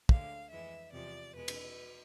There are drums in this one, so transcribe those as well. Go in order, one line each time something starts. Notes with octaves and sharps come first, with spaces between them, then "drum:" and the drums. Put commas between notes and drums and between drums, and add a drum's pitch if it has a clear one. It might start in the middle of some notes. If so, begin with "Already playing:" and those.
D2 D3 G#3 F5, drum: kick
F2 E3 G#3 E5
E2 C3 F3 G#3 D5
E2 B2 G#3 B4
drum: cymbal